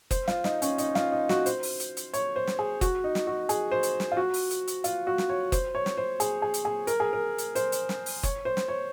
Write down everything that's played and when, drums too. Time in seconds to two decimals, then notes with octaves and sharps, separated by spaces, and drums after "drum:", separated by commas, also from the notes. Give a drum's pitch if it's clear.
0.11 C5, drum: kick, hi-hat
0.28 F4, drum: snare
0.44 D#4, drum: snare
0.62 C#4, drum: hi-hat
0.78 D#4, drum: hi-hat
0.95 F4, drum: snare
1.12 D#4
1.29 F#4, drum: snare
1.46 C5, drum: hi-hat
1.63 drum: open hi-hat
1.80 drum: hi-hat
1.97 drum: hi-hat
2.13 C#5, drum: hi-hat
2.36 C5
2.47 drum: snare
2.59 G#4
2.81 F#4, drum: kick, hi-hat
3.04 D#4
3.15 drum: snare
3.27 F#4
3.49 G#4, drum: hi-hat
3.71 C5
3.83 drum: hi-hat
4.00 drum: snare
4.12 F4
4.17 F#4
4.34 drum: open hi-hat
4.51 drum: hi-hat
4.67 drum: hi-hat
4.84 F4, drum: hi-hat
5.07 F#4
5.18 drum: snare
5.30 C#5
5.52 C5, drum: kick, hi-hat
5.75 C#5
5.86 drum: snare
5.97 C5
6.20 G#4, drum: hi-hat
6.42 G#4
6.54 drum: hi-hat
6.65 G#4
6.87 A#4, drum: hi-hat
7.00 G#4
7.13 A#4
7.38 drum: hi-hat
7.55 C5, drum: hi-hat
7.72 drum: hi-hat
7.89 drum: snare
8.06 drum: open hi-hat
8.23 C#5, drum: kick, hi-hat
8.45 C5
8.57 drum: snare
8.68 C#5